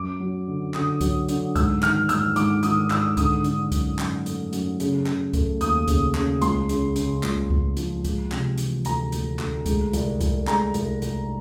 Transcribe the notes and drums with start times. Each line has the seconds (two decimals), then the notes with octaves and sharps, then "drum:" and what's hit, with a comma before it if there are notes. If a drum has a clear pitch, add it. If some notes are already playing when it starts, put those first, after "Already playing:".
Already playing: F#2 D6
0.20 F#3
0.48 D3
0.74 D3 D#6, drum: clap
1.01 F#3, drum: kick C2, hi-hat
1.29 D3, drum: hi-hat
1.56 G#2 E6, drum: kick C2, hi-hat
1.83 D#3 F6, drum: clap
2.09 G#2 E6, drum: hi-hat
2.36 G#2 D6, drum: hi-hat
2.63 D#3 D#6, drum: hi-hat
2.90 G#2 E6, drum: clap
3.17 D3 D#6, drum: kick C2, hi-hat
3.44 D3, drum: hi-hat
3.72 F#2, drum: kick C2, hi-hat
3.99 F#2, drum: clap
4.26 A3, drum: hi-hat
4.53 F#2, drum: hi-hat
4.80 C#3, drum: hi-hat
5.06 C#3, drum: clap
5.33 A3, drum: kick C2, hi-hat
5.61 D#2 D#6, drum: hi-hat
5.88 C#3, drum: kick C2, hi-hat
6.15 C#3, drum: clap
6.42 C#2 C6, drum: hi-hat
6.69 C#3, drum: hi-hat
6.96 C#3, drum: hi-hat
7.23 C#2, drum: clap
7.50 C#2, drum: kick C2
7.77 F3, drum: hi-hat
8.05 G#3, drum: kick C2, hi-hat
8.32 C3, drum: clap
8.58 E3, drum: hi-hat
8.85 D2 A#5, drum: hi-hat
9.12 D2, drum: hi-hat
9.39 D2, drum: clap
9.66 G#3, drum: kick C2, hi-hat
9.93 C2, drum: hi-hat
10.21 C2, drum: kick C2, hi-hat
10.47 G#3 A#5, drum: clap
10.74 C2, drum: hi-hat
11.02 C2, drum: hi-hat